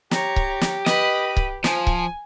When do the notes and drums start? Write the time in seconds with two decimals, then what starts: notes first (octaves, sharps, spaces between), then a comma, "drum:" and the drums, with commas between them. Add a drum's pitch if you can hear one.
0.11 G4 C#5 A#5, drum: snare
0.36 drum: kick C#1
0.61 drum: snare
0.86 B4 D#5 B5, drum: snare
1.37 drum: kick C#1
1.64 F3 G#5, drum: snare
1.87 drum: kick C#1